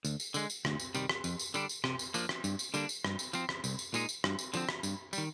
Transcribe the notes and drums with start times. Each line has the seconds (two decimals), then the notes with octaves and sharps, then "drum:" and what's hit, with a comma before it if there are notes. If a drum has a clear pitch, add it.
0.05 D2, drum: tambourine
0.20 drum: tambourine
0.34 D3 G#3, drum: tambourine
0.50 drum: tambourine
0.65 D2, drum: rim click
0.80 drum: tambourine
0.95 C3 D#3 G3, drum: tambourine
1.09 drum: rim click
1.24 F2, drum: tambourine
1.39 drum: tambourine
1.54 D3 G3 D4, drum: tambourine
1.69 drum: tambourine
1.84 C3, drum: rim click
1.99 drum: tambourine
2.14 F3 A#3 D4, drum: tambourine
2.29 drum: rim click
2.44 G2, drum: tambourine
2.59 drum: tambourine
2.74 D3 G3 A#3 D4, drum: tambourine
2.89 drum: tambourine
3.04 G2, drum: rim click
3.19 drum: tambourine
3.33 F3 C4, drum: tambourine
3.49 drum: rim click
3.64 C2, drum: tambourine
3.79 drum: tambourine
3.94 A#2 G#3 D#4, drum: tambourine
4.09 drum: tambourine
4.24 G2, drum: rim click
4.39 drum: tambourine
4.54 D3 F3 C4, drum: tambourine
4.69 drum: rim click
4.83 G2, drum: tambourine
5.13 D#3 G3, drum: tambourine